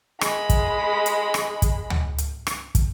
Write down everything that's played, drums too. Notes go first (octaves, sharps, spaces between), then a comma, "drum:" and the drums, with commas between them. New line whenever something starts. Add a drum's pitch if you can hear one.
G#3 B5, drum: rim click
drum: kick, hi-hat
drum: hi-hat
drum: rim click
drum: kick, hi-hat
drum: tom D2
drum: hi-hat
drum: rim click
drum: kick, hi-hat